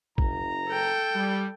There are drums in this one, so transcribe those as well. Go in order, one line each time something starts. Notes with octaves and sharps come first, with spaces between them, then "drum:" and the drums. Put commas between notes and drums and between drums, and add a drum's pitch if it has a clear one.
F#1 A#5, drum: kick
A4 G5
G3